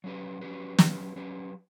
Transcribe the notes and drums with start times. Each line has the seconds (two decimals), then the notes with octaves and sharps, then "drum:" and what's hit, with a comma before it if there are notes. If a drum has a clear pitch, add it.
0.04 F#3 C#4 G4 B4
0.41 F#3 C#4 G4 B4
0.79 F#3 C#4 G4 B4, drum: snare
1.16 F#3 C#4 G4 B4